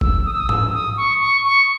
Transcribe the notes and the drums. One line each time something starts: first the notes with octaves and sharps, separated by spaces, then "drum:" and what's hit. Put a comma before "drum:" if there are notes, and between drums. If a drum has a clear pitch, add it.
E6, drum: kick
D#6
E6
D#6
E6, drum: tom G#2
D#6
C#6
C#6
C#6